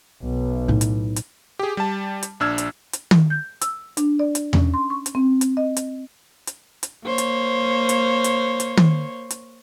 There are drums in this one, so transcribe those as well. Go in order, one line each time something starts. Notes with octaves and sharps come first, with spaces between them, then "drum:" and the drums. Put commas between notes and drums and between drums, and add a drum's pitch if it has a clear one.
B1
A2 D#4
drum: hi-hat
drum: hi-hat
G4 G#4
G3 A5
drum: hi-hat
A#1 D4 E6 F6 G#6
drum: hi-hat
drum: hi-hat
drum: tom D#3
G6
E6, drum: hi-hat
D4, drum: hi-hat
D5
drum: hi-hat
C#4, drum: tom E2
C6
C#6
drum: hi-hat
C4
drum: hi-hat
D#5
drum: hi-hat
drum: hi-hat
drum: hi-hat
A#3 C5 C#5
drum: hi-hat
drum: hi-hat
drum: hi-hat
drum: hi-hat
drum: tom D#3
drum: hi-hat